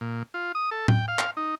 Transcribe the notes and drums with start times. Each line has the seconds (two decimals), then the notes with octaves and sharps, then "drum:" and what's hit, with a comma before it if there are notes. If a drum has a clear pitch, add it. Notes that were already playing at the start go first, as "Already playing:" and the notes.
0.01 A#2
0.34 F4
0.55 D#6
0.71 A4
0.88 G5, drum: tom A2
1.08 F5
1.19 drum: clap
1.37 D#4